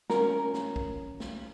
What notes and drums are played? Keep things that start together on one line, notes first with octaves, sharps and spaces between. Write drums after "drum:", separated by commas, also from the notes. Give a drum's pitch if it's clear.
C#4 A#4, drum: snare
drum: snare
drum: kick
drum: snare